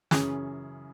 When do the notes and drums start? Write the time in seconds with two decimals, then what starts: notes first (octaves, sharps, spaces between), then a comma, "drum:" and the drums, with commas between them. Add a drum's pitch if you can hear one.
0.11 F#2 C#3 E3 C#4 G#4, drum: snare